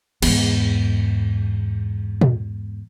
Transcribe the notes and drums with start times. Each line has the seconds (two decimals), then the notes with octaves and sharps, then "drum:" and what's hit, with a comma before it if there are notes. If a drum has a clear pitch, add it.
0.22 E2 G#2, drum: cymbal
2.21 drum: tom A#2